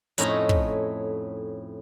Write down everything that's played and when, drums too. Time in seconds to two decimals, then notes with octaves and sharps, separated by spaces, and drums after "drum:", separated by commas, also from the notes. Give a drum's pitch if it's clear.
0.18 F2 A2 A3 C#4 D#4 A#5, drum: hi-hat
0.49 drum: kick